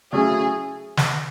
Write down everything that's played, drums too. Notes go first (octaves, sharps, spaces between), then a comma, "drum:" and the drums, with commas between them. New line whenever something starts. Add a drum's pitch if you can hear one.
C#3 F#3 A3 C#4 E4 G#4
drum: snare